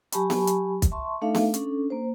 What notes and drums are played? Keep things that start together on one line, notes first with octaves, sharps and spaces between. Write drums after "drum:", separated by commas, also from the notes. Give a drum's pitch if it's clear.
F#3 G4 G#5 A5 B5 C#6, drum: hi-hat
drum: snare B3
drum: hi-hat
drum: kick, hi-hat
E5 A5 C6 C#6
A3 D4 D#4 A4 E5 F5
drum: snare B3
C#4 D4 A4, drum: hi-hat
A#3 C5